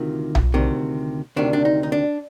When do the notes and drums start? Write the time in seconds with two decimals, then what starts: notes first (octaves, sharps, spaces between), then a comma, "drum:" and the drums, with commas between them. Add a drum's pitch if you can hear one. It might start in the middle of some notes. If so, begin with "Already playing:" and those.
Already playing: D2 C3 D#3 F4
0.35 drum: tom B1
0.54 D2 C3 D#3
1.36 D2 C3 D#3 D4
1.53 D4
1.65 D#4
1.83 D#4
1.92 D4